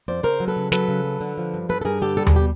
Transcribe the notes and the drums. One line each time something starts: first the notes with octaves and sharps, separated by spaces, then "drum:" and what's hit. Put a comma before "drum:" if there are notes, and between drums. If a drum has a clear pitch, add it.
F2 C5 D5
C#3 A#4 C5
F#3
A4 B4
C#3
F#3 A4 B4, drum: snare
C#3
F#3
D3
F3
G2
G2 A4 B4
A4
G2 G#4 A#4
D3 G4 A4
G3 A4
G#4, drum: tom D#2
B2 G4